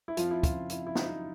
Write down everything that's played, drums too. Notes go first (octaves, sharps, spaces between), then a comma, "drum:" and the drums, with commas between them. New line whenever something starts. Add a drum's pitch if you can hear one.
E4
F2 F3 F4, drum: hi-hat
E4
C#3 F3 F4, drum: kick, hi-hat
F2 E4, drum: hi-hat
E4
F#3 D#4, drum: snare